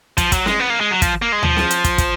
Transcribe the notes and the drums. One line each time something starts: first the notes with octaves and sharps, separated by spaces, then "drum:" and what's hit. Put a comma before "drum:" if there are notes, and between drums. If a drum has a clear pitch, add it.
F3, drum: kick, hi-hat
F#3, drum: kick, hi-hat
G#3, drum: snare
B3
A#3
G#3
F#3
F3, drum: kick, hi-hat
A#3
G#3
F3, drum: tom D2
drum: snare
drum: hi-hat
drum: kick, hi-hat
drum: kick, hi-hat